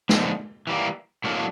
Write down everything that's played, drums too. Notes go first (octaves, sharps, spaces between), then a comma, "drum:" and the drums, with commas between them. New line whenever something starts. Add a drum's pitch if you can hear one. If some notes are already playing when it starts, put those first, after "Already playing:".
D3 F3 G#3 B3 D#4, drum: snare
E3 G3 A#3
A2 F#3 A#3 D4